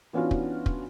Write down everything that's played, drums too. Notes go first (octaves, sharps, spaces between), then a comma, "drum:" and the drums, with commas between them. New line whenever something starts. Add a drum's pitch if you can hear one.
E3 B3 C#4 D4 F4 F#4
drum: kick
drum: kick